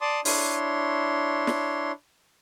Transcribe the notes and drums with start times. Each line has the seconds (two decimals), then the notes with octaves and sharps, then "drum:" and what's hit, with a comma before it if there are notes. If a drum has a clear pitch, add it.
0.01 D5 A5 C6 D6 D#6
0.25 D4 E4 C#5 C6, drum: open hi-hat
1.47 drum: snare